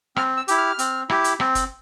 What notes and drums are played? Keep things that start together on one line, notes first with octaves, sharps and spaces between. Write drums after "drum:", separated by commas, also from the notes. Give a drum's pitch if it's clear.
C4 F6, drum: rim click
E6
E4 G4, drum: hi-hat
F6
C4, drum: hi-hat
E4 G4, drum: rim click
drum: hi-hat
C4, drum: rim click
drum: kick, hi-hat